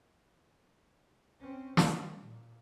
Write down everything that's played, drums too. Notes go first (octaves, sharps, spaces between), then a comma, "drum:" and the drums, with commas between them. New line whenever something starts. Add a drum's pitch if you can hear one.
C4 C#4
G3, drum: snare
A#2